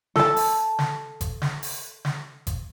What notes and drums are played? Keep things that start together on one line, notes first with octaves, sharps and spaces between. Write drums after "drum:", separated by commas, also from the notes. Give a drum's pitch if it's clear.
A4 A5, drum: snare
drum: open hi-hat
drum: snare
drum: kick G1, hi-hat
drum: snare
drum: open hi-hat
drum: snare
drum: kick G1, hi-hat